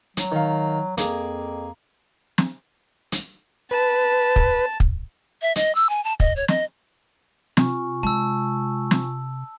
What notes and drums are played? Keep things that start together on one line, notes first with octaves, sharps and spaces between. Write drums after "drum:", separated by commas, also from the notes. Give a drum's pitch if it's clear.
F#3, drum: hi-hat
D#3 F5
F2 A#3 G#4, drum: hi-hat
drum: snare
drum: hi-hat
B4 A5
drum: kick
drum: kick
E5
D#5, drum: hi-hat
E6
G#5
A5
D#5, drum: kick
C#5
D#5, drum: snare
C3 F4 G#5 C#6, drum: snare
G#3 A5 E6
drum: snare